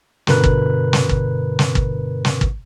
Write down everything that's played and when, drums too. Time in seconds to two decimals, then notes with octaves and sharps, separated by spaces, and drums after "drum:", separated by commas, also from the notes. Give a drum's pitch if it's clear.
0.27 G2 B2 D3 A#4 B4 F#6, drum: snare
0.44 drum: kick
0.93 drum: snare
1.09 drum: kick
1.59 drum: snare
1.75 drum: kick
2.25 drum: snare
2.41 drum: kick